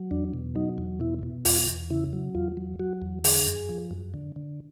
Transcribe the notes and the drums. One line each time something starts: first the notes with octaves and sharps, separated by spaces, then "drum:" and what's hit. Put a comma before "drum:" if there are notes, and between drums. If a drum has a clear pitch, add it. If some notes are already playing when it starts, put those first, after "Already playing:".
Already playing: F#3
E2 D4
B2
F#3 D#4
E2
B2 E4
B2
E2 F4, drum: open hi-hat
E2
C#3 E4
F#3
E2 F4
F#3
F#3 F#4
E2
D3 G#4, drum: open hi-hat
F#2
F3
F#2
D3
D3